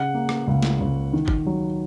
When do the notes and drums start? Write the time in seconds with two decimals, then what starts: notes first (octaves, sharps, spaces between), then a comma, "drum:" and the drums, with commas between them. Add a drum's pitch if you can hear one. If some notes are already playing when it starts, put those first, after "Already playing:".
Already playing: C#3 F#5
0.14 A#3
0.29 drum: rim click
0.47 C#2
0.63 drum: snare
0.80 C#2
1.13 D#3
1.28 drum: kick
1.46 F#3